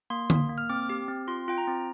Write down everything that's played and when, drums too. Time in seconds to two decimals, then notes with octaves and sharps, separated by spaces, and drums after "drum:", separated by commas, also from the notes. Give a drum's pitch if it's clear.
0.10 A#3 C6
0.30 A#3, drum: tom D3
0.49 A#3
0.58 F6
0.70 C4 D6
0.89 G4
1.08 C4
1.28 F4 C6
1.48 F4 G5
1.58 A#5
1.67 C4